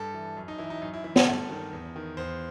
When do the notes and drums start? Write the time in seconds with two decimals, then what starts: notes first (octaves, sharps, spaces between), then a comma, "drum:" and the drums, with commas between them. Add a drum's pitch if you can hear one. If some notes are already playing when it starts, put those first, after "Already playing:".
Already playing: G2 A4
0.14 E3
0.37 F#2
0.48 D#4
0.58 E3 E4
0.70 D#4
0.82 F#2 D#4
0.94 E4
1.04 E3 E4
1.16 drum: snare
1.26 G2 A4
1.50 D#3
1.73 E2
1.96 D#3
2.17 E2 C5